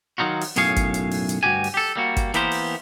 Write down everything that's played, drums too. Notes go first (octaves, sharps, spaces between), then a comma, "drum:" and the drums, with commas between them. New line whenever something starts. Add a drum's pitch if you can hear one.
D#3 F#3 D#4 F4 F#4
drum: open hi-hat
B1 F#2 A2 G#4 C#5 F5, drum: hi-hat
drum: kick G#1, hi-hat
drum: hi-hat
drum: open hi-hat
drum: hi-hat
D2 G2 B2 F#4 G4 G#5
drum: open hi-hat
G4 A4
G3 A#3 F#4
drum: kick G#1, hi-hat
E3 A#3 B3 G4 A#4 C5, drum: hi-hat
drum: open hi-hat